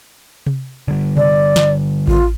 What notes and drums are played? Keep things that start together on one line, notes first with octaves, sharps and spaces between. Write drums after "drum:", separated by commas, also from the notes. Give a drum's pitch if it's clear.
drum: tom C3
D3 G3
D5, drum: tom C3
drum: snare
F4, drum: kick A1